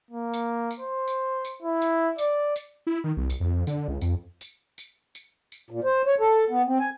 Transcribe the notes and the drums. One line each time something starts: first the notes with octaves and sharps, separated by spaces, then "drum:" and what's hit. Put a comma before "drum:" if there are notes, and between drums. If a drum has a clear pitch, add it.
A#3
drum: tambourine
drum: tambourine
C5
drum: tambourine
drum: tambourine
E4
drum: tambourine
D5, drum: tambourine
drum: tambourine
E4
D#3
C2
drum: tambourine
F2
D3, drum: tambourine
C#2
F2, drum: tambourine
drum: tambourine
drum: tambourine
drum: tambourine
drum: tambourine
A#2
C5
C#5
A4
B3
C4
G#5